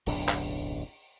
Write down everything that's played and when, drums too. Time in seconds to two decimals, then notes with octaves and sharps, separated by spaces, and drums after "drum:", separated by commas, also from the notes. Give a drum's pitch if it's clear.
0.06 D1 B1 F#2 D4, drum: open hi-hat
0.29 drum: clap